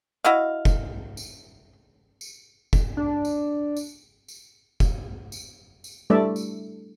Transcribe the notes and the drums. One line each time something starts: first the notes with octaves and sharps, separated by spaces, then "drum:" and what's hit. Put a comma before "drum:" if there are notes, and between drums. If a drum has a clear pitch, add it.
E4 F#4 D#5 F5
drum: kick F1, tambourine
drum: tambourine
drum: tambourine
drum: kick F1, tambourine
D4
drum: tambourine
drum: tambourine
drum: tambourine
drum: kick F1, tambourine
drum: tambourine
drum: tambourine
G3 A3 D4 A4 D5 E5
drum: tambourine